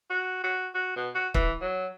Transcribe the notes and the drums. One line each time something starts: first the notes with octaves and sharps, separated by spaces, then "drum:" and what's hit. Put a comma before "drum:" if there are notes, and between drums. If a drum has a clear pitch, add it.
F#4
F#4
F#4
B2
F#4
E3, drum: kick
F#3